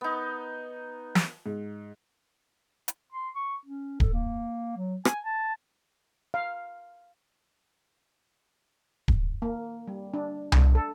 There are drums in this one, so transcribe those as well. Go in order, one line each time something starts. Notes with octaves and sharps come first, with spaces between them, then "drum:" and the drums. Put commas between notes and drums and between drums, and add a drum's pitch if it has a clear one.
B3 D#4
drum: snare
G#2
drum: hi-hat
C6
C#6
C#4
A4, drum: kick D1
A#3
F#3
G#5, drum: rim click
A5
F5
drum: kick D1
A#3
G3
D4
D4, drum: tom C2
A4